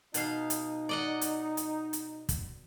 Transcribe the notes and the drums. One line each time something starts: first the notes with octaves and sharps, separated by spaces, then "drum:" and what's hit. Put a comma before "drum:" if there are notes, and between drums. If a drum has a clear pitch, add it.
B2 D#4 F5, drum: hi-hat
drum: hi-hat
D5 D#5 F#5
drum: hi-hat
drum: hi-hat
drum: hi-hat
drum: kick, hi-hat